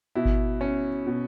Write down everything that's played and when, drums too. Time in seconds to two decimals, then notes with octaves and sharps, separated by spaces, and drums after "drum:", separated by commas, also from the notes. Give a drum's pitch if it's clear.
0.15 B2 E4
0.25 drum: kick G#1
0.61 C#4
1.07 B2